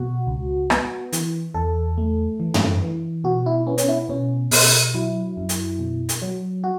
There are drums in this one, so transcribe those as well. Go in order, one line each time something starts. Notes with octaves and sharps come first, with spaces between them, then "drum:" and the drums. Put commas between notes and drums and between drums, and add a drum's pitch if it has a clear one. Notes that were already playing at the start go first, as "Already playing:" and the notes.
Already playing: B2 F#4
C#2
B3, drum: rim click
E3, drum: hi-hat
E2 A4
A3
E3
drum: tom
E3
B2 F#4
E4
B3 C#4
C#4, drum: hi-hat
E4
B2 C#4
B2, drum: open hi-hat
F#3 E4
F#2
drum: hi-hat
B2
drum: hi-hat
F#3
F#4